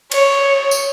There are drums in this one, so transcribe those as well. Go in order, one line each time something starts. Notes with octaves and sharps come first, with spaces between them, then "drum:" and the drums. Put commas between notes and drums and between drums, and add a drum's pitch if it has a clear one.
C#5, drum: cymbal
drum: tambourine